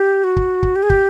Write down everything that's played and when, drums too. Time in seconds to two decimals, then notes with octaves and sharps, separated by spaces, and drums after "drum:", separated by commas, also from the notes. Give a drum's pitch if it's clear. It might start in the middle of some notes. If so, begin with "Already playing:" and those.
Already playing: G4
0.24 F#4
0.37 drum: kick
0.63 drum: kick
0.76 G4
0.83 G#4
0.90 G4, drum: kick